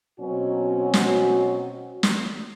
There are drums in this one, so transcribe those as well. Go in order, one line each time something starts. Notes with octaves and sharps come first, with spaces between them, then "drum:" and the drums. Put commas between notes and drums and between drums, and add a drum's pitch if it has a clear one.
B2 F#3 C4 C#4 F#4
drum: snare
drum: snare